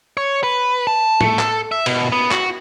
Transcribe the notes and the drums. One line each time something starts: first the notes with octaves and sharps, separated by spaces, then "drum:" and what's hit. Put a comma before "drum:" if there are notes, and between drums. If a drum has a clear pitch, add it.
C#5
B4
A5
A3, drum: tom
A4, drum: clap
E5
B2, drum: cymbal
B3
F#4, drum: clap